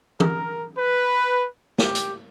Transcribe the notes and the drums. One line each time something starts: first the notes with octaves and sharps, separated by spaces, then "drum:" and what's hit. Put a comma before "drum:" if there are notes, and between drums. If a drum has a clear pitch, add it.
A#4, drum: tom
B4
G4, drum: snare
drum: hi-hat